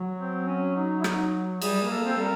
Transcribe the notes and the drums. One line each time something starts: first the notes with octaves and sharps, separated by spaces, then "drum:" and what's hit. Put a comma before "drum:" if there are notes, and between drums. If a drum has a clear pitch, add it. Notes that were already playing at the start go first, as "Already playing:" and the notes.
Already playing: F#3
C4
C#4
D#4
E4
D#4, drum: rim click
G3 G#4, drum: cymbal
A#3
A4
C4
A4
G3 A#4